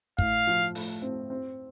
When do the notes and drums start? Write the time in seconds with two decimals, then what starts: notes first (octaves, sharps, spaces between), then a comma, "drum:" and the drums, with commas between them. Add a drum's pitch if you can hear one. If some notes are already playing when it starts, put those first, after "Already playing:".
0.19 A2 F5, drum: kick
0.47 F3
0.75 A3, drum: open hi-hat
1.02 C4
1.30 C4